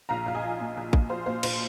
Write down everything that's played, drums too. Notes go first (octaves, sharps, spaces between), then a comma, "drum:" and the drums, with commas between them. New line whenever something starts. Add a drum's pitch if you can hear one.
A#1 F5 A#5
A#1 F5
D#5 G#5
F3
A#2
A#1
A#1, drum: kick
F3 C5 F5
A#2 C5 F5
A#1 C5, drum: cymbal